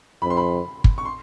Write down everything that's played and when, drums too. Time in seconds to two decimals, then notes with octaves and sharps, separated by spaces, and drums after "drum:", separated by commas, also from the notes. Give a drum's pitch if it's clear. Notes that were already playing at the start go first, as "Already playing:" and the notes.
0.22 F2 B5
0.30 C6
0.37 B5
0.84 drum: kick
0.98 C#6
1.05 C6